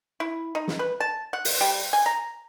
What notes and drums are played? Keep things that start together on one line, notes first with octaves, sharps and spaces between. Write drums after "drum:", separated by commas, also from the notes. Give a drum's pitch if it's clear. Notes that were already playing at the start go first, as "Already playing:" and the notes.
E4
D#4
drum: snare
B4
A5
F#5
drum: open hi-hat
G3
G#5
A#5